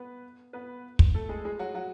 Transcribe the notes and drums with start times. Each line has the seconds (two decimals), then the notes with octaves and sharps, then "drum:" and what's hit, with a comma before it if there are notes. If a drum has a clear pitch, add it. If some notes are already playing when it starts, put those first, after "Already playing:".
Already playing: B3 B4
0.53 B3 B4
0.99 drum: kick
1.15 A3 A4
1.29 G#3 G#4
1.45 G#3 G#4
1.59 F#3 F#4
1.74 F#3 F#4